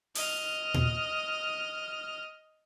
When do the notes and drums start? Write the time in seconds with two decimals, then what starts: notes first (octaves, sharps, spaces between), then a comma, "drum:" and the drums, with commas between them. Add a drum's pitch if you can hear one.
0.15 D#5 F6, drum: open hi-hat
0.74 drum: tom A#2